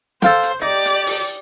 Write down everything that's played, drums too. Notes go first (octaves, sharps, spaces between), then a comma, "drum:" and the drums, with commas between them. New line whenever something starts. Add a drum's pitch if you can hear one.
A4 C5 F5 G5, drum: snare
drum: hi-hat
D#4 G4 D5
drum: hi-hat
drum: open hi-hat